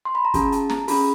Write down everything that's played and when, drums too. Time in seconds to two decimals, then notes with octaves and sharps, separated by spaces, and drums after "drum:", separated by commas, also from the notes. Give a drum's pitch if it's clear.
0.05 C6
0.15 B5
0.25 A#5
0.34 C#4 F4 G#4 A5, drum: kick F#1, hi-hat
0.52 A5, drum: hi-hat
0.69 A#5, drum: snare
0.88 C#4 F4 G#4 B5, drum: open hi-hat